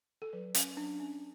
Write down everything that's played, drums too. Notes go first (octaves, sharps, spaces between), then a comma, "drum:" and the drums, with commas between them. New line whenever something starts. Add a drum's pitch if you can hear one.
A4
F#3 B4
C#4, drum: hi-hat
F#3 D4
C#4